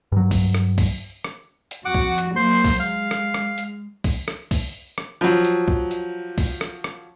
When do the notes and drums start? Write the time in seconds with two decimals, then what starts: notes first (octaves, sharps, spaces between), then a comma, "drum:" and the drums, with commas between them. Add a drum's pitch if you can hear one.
0.12 G2 F#3
0.31 drum: kick, open hi-hat
0.54 drum: rim click
0.78 drum: kick, open hi-hat
1.24 drum: rim click
1.71 drum: hi-hat
1.85 F2 F#4 F#5 D6
1.94 drum: kick
2.18 drum: hi-hat
2.36 F#3 A#3 C5 C6
2.64 drum: kick, open hi-hat
2.80 G#3 F5
3.11 drum: rim click
3.34 drum: rim click
3.58 drum: hi-hat
4.04 drum: kick, open hi-hat
4.28 drum: rim click
4.51 drum: kick, open hi-hat
4.98 drum: rim click
5.21 F3 F#3
5.44 drum: hi-hat
5.68 drum: kick
5.91 drum: hi-hat
6.38 drum: kick, open hi-hat
6.61 drum: rim click
6.84 drum: rim click